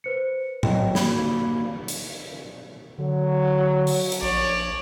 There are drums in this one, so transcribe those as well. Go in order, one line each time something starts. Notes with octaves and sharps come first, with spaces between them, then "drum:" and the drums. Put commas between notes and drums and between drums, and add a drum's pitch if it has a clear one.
B4 C5 C#7
F#3 D#5 G5, drum: tom A2
A#3 F#4 B5 G#6, drum: snare
drum: hi-hat
D3 F#3
drum: open hi-hat
drum: hi-hat
A#1 C#5 D5